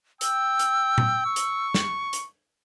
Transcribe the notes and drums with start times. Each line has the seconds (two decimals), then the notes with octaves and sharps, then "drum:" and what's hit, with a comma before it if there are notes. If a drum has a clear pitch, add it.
0.21 G5 E6, drum: hi-hat
0.59 drum: hi-hat
0.98 drum: tom A#2
1.26 C#6
1.36 drum: hi-hat
1.74 drum: snare
2.13 drum: hi-hat